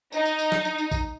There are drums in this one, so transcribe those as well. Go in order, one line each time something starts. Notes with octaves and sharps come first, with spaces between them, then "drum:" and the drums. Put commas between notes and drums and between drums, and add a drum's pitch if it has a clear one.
D#4, drum: tambourine
drum: tambourine
drum: tambourine
drum: snare
drum: tambourine
drum: tambourine
drum: kick A1, tambourine